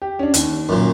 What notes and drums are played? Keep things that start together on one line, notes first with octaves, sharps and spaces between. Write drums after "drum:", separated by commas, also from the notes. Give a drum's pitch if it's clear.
G4
C#4 D4
D#2, drum: hi-hat
F#2 A#2